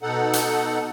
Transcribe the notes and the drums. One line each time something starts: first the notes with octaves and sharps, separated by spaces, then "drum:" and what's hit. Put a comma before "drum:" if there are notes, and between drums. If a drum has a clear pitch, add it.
B2 D#4 A4 F#5
drum: hi-hat